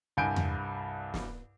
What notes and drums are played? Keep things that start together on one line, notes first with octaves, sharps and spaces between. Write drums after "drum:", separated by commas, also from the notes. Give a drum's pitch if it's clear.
C2 G2 G#5 G6 D7
drum: tom E2
drum: snare